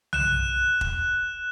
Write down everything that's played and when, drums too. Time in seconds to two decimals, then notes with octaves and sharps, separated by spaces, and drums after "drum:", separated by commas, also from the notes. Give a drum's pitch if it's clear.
0.13 F#6 E7, drum: tom B1
0.81 drum: kick E1